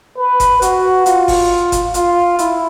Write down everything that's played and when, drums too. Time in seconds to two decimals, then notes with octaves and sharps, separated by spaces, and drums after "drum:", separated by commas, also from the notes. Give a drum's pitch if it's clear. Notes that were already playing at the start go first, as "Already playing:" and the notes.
0.18 B4
0.40 drum: kick F#1, hi-hat
0.62 F#4, drum: hi-hat
1.06 F4, drum: hi-hat
1.28 drum: kick F#1, open hi-hat
1.72 drum: kick F#1, hi-hat
1.94 F4, drum: hi-hat
2.39 E4, drum: hi-hat